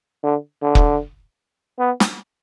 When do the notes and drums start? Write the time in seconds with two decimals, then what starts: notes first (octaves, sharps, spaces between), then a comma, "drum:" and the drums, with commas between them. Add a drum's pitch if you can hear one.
0.23 D3
0.62 D3
0.75 drum: kick
1.79 B3
2.00 drum: snare